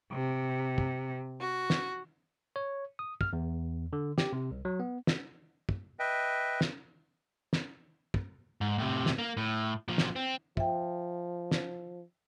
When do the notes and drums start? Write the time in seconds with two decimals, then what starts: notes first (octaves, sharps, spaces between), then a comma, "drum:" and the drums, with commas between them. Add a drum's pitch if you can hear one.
0.12 C3
0.78 drum: kick
1.40 F#4
1.70 drum: snare
2.56 C#5
2.99 D#6
3.21 F6, drum: kick
3.33 E2
3.93 D3
4.18 G4, drum: snare
4.33 C3
4.51 C2
4.65 F#3
4.80 B3
5.07 drum: snare
5.69 drum: kick
5.99 B4 D#5 E5 G5
6.61 drum: snare
7.53 drum: snare
8.14 drum: kick
8.61 G#2
8.78 A2 C3
9.06 drum: snare
9.19 A#3
9.37 A2
9.88 A#2 F3
9.98 drum: snare
10.16 C4
10.57 F3 E5 G5, drum: kick
11.51 drum: snare